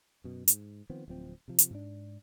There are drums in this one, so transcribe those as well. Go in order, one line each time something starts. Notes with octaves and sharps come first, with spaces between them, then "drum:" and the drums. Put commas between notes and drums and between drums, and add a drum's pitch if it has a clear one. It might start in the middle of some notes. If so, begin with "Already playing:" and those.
F#2 B2
G#2, drum: hi-hat
D#3 F3 B3 C4
D1 F3 C4
C3 F3
drum: hi-hat
G#2 D4